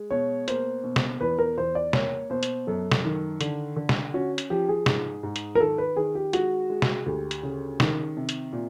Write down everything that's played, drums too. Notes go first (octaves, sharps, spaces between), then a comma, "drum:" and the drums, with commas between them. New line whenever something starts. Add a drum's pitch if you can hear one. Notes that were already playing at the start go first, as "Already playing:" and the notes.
Already playing: G#3
B2 C#5
A#3 C5, drum: hi-hat
B2
drum: snare
E2 B4
A#4
E2 C5
D5
A#3 C#5, drum: snare
B2 C5
drum: hi-hat
F#2 A4
drum: snare
D#3
D3, drum: hi-hat
D3
drum: snare
C#4 F#4
drum: hi-hat
F3 G4
G#4
G#2, drum: snare
G#2
drum: hi-hat
A#4
D#3 A4
B4
D#3 G#4
G4
G#3 F#4, drum: hi-hat
G#3
drum: snare
D2 G4
drum: hi-hat
C#3
D#3, drum: snare
C3
drum: hi-hat
A#2